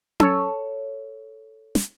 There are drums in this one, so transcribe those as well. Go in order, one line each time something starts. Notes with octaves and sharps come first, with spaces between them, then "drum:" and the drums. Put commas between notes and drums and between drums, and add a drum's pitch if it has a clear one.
A4 C#5, drum: tom C#4
drum: snare